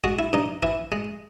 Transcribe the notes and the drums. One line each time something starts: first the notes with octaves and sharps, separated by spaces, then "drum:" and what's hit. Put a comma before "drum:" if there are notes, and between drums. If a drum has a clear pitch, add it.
G#3 F#4, drum: kick
E4
G2 D#4
E3 E4, drum: kick
G#3